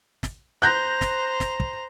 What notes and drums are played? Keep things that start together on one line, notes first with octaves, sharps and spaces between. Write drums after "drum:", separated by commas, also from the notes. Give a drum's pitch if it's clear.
drum: snare
C5 A#5 F#6 G6 A#6
drum: snare
drum: snare
drum: kick